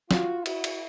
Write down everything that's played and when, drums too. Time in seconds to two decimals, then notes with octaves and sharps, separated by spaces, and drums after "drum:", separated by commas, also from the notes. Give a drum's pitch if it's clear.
0.11 F4 F#4, drum: snare
0.46 E4 F#4, drum: cymbal
0.64 drum: cymbal